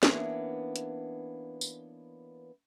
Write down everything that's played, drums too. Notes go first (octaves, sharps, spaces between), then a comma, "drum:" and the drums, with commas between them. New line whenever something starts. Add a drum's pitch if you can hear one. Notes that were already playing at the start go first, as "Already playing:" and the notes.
E3 A#3 B3 C#4 D4, drum: snare
drum: hi-hat
drum: tambourine